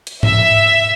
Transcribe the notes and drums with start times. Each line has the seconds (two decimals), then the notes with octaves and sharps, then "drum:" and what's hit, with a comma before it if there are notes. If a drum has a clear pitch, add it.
0.07 drum: hi-hat
0.23 E5, drum: tom G#2